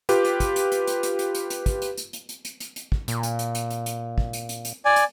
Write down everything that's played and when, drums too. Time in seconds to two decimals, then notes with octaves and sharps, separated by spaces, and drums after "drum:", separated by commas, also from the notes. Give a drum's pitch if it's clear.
0.09 F4 G4 B4, drum: hi-hat
0.25 drum: hi-hat
0.40 drum: kick, hi-hat
0.56 drum: hi-hat
0.72 drum: hi-hat
0.87 drum: hi-hat
1.03 drum: hi-hat
1.19 drum: hi-hat
1.35 drum: hi-hat
1.50 drum: hi-hat
1.66 drum: kick, hi-hat
1.82 drum: hi-hat
1.98 drum: hi-hat
2.13 drum: hi-hat
2.29 drum: hi-hat
2.45 drum: hi-hat
2.60 drum: hi-hat
2.76 drum: hi-hat
2.92 drum: kick
3.08 A#2, drum: hi-hat
3.23 drum: hi-hat
3.39 drum: hi-hat
3.55 drum: hi-hat
3.70 drum: hi-hat
3.86 drum: hi-hat
4.18 drum: kick
4.33 drum: hi-hat
4.49 drum: hi-hat
4.65 drum: hi-hat
4.85 D5 G#5
4.96 drum: hi-hat